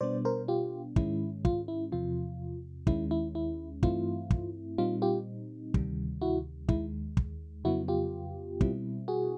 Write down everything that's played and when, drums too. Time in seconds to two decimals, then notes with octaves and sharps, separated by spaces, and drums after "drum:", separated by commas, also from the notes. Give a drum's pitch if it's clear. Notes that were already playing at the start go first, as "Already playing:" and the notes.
0.01 B2 G3 B3 D4 C5 D5
0.25 A#4 C5
0.48 F4 G4
0.96 G#2 D#3 G#3 C#4 E4, drum: kick
1.45 F4, drum: kick
1.68 E4
1.92 E2 C3 F3 F4
2.87 D#2 D#3 G#3 C#4 E4, drum: kick
3.11 E4
3.35 E4
3.83 G2 E3 A3 C4 E4 F4, drum: kick
4.30 drum: kick
4.78 A#2 G3 C4 D#4 F4
5.02 F4 G4
5.74 D2 C3 D#3 G3, drum: kick
6.21 E4 F#4
6.69 D#2 D#3 G#3 E4, drum: kick
7.17 drum: kick
7.64 F2 C#3 F#3 B3 E4 F#4
7.88 F4 G4
8.61 B2 G3 C4 E4, drum: kick
9.08 F#4 G#4